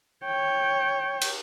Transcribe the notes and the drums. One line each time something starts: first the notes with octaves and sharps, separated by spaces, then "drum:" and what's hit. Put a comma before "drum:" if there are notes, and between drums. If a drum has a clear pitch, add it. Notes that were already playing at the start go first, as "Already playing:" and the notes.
C#5 G5
drum: cymbal